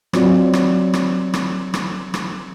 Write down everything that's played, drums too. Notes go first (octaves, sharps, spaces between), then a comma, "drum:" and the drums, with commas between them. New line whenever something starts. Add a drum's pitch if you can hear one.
F#3 C4 F4 F#4 D5, drum: rim click
drum: rim click
drum: rim click
drum: rim click
drum: rim click
drum: rim click